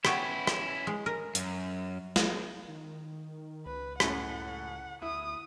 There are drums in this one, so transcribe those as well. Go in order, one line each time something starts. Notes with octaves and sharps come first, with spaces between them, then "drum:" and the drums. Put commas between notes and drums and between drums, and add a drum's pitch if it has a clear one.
B3 C#4 E4 C#5 G5, drum: rim click
drum: rim click
G#3
A#4
F#2, drum: hi-hat
drum: snare
D#3
C#2 B4
F#2 A2 F#5, drum: rim click
D2 E4 D#6